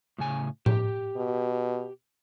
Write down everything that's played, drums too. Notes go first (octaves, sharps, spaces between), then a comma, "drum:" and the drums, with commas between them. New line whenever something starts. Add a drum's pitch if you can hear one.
A2 C#3 G#5
G4, drum: tom A2
B2